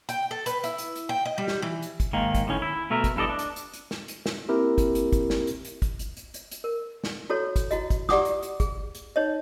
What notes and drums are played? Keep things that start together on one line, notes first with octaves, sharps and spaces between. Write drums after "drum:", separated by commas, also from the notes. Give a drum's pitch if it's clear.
G5, drum: hi-hat
A4
B4, drum: hi-hat
E4, drum: hi-hat
drum: hi-hat
drum: hi-hat
G5
D#5
G3
drum: snare
E3
drum: hi-hat
drum: kick, hi-hat
G#2 D#3 A#3
drum: kick, hi-hat
A2 D#3 C#4
E4
B2 A3 A#4 E5 A#5
drum: kick, hi-hat
G2 E4 A4 D5 D#5
D4
drum: hi-hat
drum: hi-hat
drum: hi-hat
drum: snare
drum: hi-hat
drum: snare
A#3 C4 E4 G4 A#4
drum: kick, hi-hat
drum: hi-hat
drum: kick, hi-hat
drum: snare
drum: hi-hat
drum: hi-hat
drum: kick, hi-hat
drum: hi-hat
drum: hi-hat
drum: hi-hat
drum: hi-hat
A#4
drum: snare
E4 F#4 A4 C#5
drum: kick, hi-hat
E4 F#4 D#5, drum: hi-hat
drum: kick, hi-hat
E4 G4 D5 F#5 D6 D#6, drum: snare
drum: hi-hat
drum: hi-hat
G#4, drum: kick, hi-hat
drum: hi-hat
D#4 C#5 D#5